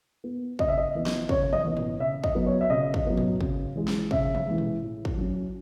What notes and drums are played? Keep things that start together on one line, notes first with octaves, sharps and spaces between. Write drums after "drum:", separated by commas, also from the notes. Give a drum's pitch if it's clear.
B3
C#3 D#5, drum: kick
E5
D#5
E3 B3
drum: snare
C#3 C#5, drum: kick
D#5, drum: tom
E3 B3
drum: tom
C#3 E5
D#5, drum: kick
F#3 B3
C#5
E5
C#3 D#5
drum: kick
F#3 B3
drum: tom
C#3, drum: kick
E3 G#3
drum: snare
C#3 E5, drum: kick
drum: tom
E3 G#3
drum: tom
A2
drum: kick
F#3 C#4